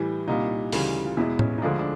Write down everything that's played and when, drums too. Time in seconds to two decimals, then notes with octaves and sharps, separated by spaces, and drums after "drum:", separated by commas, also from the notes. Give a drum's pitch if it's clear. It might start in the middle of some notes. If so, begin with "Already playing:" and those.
Already playing: A2 E3 G3
0.28 C2 A#2 G3 D#4
0.72 D2 C#3 E3 G3, drum: open hi-hat
1.05 F4
1.17 E2 B2 G#3 E4
1.39 C#4, drum: tom A2
1.58 D#4
1.62 D2 D3 F3 G#3 D4
1.79 D4